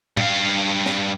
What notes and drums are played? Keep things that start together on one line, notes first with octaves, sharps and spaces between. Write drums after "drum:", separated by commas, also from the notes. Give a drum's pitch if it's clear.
G2 F5, drum: tom
drum: snare